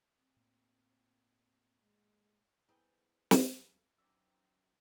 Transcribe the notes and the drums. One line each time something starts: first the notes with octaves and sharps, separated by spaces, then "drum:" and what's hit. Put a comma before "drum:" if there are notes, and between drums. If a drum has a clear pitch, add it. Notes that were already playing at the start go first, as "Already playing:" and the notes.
C4
A2 A#3
G#3
B3 C4 E4 G#4 G5 G#5 B5
drum: snare
F#2 C4 D#4 D6 E6